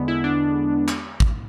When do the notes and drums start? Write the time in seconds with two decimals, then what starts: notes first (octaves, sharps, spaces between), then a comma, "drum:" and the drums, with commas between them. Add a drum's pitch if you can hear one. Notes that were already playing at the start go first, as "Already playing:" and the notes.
Already playing: E2 D3 G#3 B3
0.08 E4
0.24 D4
0.88 drum: clap
1.20 drum: kick G#1